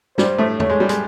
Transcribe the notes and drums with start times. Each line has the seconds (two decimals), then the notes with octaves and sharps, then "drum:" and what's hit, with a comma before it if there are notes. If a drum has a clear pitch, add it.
0.18 G2 G3 C5, drum: snare
0.38 A2 A3
0.60 A3 C#5, drum: tom
0.70 G#3
0.80 G3
0.89 G#3, drum: hi-hat